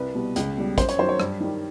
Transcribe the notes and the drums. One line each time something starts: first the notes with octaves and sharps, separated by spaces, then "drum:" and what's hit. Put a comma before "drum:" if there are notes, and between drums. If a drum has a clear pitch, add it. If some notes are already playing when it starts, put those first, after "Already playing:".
Already playing: C2 B4
B2 G3
C#2, drum: hi-hat
B2 G3
F#2 C5, drum: kick, hi-hat
C#5, drum: hi-hat
D#3 F#3 C5
C#5
G2, drum: rim click
D#3 G3